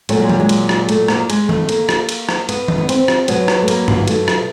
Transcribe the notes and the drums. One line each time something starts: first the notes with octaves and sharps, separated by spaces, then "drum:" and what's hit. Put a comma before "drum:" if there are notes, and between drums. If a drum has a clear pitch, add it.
A#2 F#3 A3, drum: cymbal
G#3
G3, drum: tom D#3
G#3
drum: cymbal
drum: rim click
A3, drum: cymbal
A#3, drum: rim click
G#3, drum: cymbal
A3, drum: tom D#3
A#3, drum: cymbal
drum: rim click
drum: cymbal
drum: rim click
B3, drum: cymbal
drum: tom D#3
B3
C4, drum: cymbal
drum: rim click
B2 F#3 B3, drum: cymbal
drum: rim click
A3
A#3, drum: cymbal
drum: tom
A3, drum: cymbal
drum: rim click